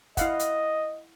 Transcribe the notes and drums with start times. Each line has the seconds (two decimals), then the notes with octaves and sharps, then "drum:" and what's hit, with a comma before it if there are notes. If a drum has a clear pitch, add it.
0.17 E4 D#5 F5 F#5, drum: kick, hi-hat
0.39 drum: hi-hat